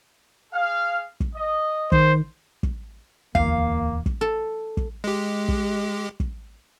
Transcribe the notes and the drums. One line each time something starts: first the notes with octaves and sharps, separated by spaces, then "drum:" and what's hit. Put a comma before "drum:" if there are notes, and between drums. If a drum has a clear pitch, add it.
G#4 F5
drum: kick
D#5
D#3 C5, drum: kick
drum: kick
D1 E2 A#3 F5, drum: kick
drum: kick
A4
drum: kick
G#3 G4
drum: kick
drum: kick